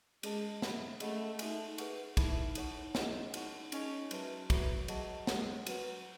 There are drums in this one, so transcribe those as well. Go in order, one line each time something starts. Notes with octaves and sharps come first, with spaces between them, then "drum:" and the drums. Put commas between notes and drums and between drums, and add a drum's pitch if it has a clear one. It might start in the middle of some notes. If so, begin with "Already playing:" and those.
G#3 C#4 G#4 D#5 A5, drum: cymbal
A4 E5 B5, drum: snare
A3 C#4 G#4 D#5 F#5 B5, drum: cymbal
D#4 F#4 A4 E5 G#5, drum: cymbal
G#4 B4 F#5 C#6, drum: cymbal
D#4 E4 A4 E5 B5, drum: kick, cymbal
D#4 A4 C#5 F#5 C#6, drum: cymbal
C#4 E4 G#4 D#5 F#5, drum: snare
D#4 F#4 C#5 F#5 C#6, drum: cymbal
C#4 D#4 G#4 D#5 G#5 C#6, drum: cymbal
F#3 F#4 B4 E5 A5, drum: cymbal
F#3 E4 B4 E5 B5, drum: kick, cymbal
F#3 G#4 D#5 F#5 A5 C#6, drum: cymbal
G#3 A4 C#5 F#5, drum: snare
F#3 F#4 B4 F#5, drum: cymbal